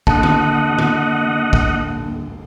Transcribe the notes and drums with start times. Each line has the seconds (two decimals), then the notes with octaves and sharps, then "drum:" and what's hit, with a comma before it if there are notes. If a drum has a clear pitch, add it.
0.07 D3 A#3 D#5 F#5 A5, drum: kick
0.23 drum: tom D3
0.79 drum: tom D3
1.53 drum: kick